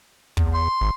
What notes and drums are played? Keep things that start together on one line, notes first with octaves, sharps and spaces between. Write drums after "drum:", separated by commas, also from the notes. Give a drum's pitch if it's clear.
E2, drum: kick
C6
G#1